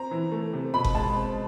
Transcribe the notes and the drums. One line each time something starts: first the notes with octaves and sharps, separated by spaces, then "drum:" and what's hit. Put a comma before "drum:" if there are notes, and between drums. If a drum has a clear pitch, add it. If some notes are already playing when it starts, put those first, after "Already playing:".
Already playing: C4 A#5
E3
A3
C3
B2 B5
drum: kick F#1
G#3 A5
C4